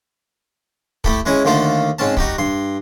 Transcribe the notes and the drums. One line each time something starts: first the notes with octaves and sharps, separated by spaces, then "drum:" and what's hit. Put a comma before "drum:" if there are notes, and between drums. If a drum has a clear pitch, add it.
A3 E4 G4 A4, drum: kick
G#3 C#4 E4 G#4
D#2 D3 A3 F4 A4
G#2 C4 C#4 A5
G3 D#4 F#4, drum: kick
G2 C6